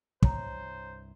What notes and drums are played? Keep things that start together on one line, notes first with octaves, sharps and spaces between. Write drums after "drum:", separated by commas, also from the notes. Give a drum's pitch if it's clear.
C2 G2 C3 C5 C#5 A#5, drum: kick